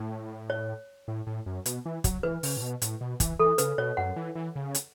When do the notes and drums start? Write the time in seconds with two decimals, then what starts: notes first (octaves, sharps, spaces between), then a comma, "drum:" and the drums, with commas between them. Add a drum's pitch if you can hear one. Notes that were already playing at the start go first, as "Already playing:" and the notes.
Already playing: A2
0.50 C#5
1.08 A2
1.27 A2
1.46 F#2
1.66 B2, drum: hi-hat
1.85 E3
2.04 F#3, drum: kick, hi-hat
2.23 E3 B4
2.43 C#3, drum: open hi-hat
2.57 A2
2.62 B2
2.82 A2, drum: hi-hat
3.01 B2
3.20 E3, drum: kick, hi-hat
3.39 E3 A4
3.58 C#3 B4, drum: hi-hat
3.78 B2 C#5
3.97 F#2 F#5
4.16 E3
4.35 E3
4.56 C#3
4.75 drum: hi-hat